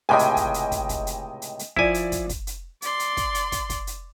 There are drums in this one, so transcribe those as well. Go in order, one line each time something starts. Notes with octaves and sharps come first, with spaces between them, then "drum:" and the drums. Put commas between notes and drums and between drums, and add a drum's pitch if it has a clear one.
C#2 A2 C3 D#5 G5 G#5
drum: hi-hat
drum: kick, hi-hat
drum: hi-hat
drum: kick, hi-hat
drum: kick, hi-hat
drum: hi-hat
drum: hi-hat
drum: hi-hat
F3 E4 D5 G#5, drum: kick
drum: hi-hat
drum: kick, hi-hat
drum: kick, hi-hat
drum: hi-hat
D5 C6, drum: hi-hat
drum: hi-hat
drum: kick, hi-hat
drum: hi-hat
drum: kick, hi-hat
drum: kick, hi-hat
drum: hi-hat